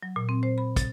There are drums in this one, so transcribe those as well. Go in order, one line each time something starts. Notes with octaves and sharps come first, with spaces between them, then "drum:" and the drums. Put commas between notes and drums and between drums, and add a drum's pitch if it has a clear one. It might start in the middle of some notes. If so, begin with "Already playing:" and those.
F#3
A#2
C4
C5
B5
A6, drum: kick, hi-hat